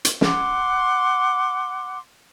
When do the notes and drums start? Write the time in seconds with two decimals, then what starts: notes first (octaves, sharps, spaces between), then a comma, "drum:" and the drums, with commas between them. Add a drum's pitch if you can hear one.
0.05 drum: hi-hat
0.21 F#5 C6 D6, drum: snare